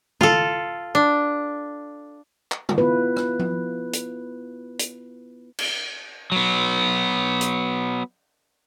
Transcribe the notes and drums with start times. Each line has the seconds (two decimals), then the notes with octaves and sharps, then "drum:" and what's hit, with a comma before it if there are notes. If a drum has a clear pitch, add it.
0.21 F4 A4, drum: tom
0.95 D4
2.52 drum: clap
2.69 drum: tom
2.78 B3 E4 F4 B4
3.17 drum: rim click
3.39 drum: tom F3
3.93 drum: hi-hat
4.79 drum: hi-hat
5.59 drum: cymbal
6.32 F#3 B3
7.41 drum: hi-hat